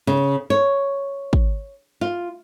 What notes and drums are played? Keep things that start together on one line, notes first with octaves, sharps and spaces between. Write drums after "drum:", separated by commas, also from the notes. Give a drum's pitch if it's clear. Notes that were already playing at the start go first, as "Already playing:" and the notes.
C#3
C#5
drum: kick
F4